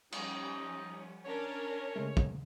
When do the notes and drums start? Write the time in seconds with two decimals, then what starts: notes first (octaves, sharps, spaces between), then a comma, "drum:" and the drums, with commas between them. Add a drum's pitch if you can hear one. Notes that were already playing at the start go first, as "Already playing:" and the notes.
0.12 F3 G3 C#4 D#4, drum: cymbal
1.25 C#4 D4 A#4 C#5
1.96 C#3 G#3 A3
2.17 drum: kick